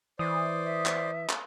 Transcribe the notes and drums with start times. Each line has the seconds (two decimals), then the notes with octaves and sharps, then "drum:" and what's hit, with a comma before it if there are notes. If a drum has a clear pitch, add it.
0.19 E3 C5 D5 D#6
0.64 E5
0.86 drum: clap
1.30 drum: clap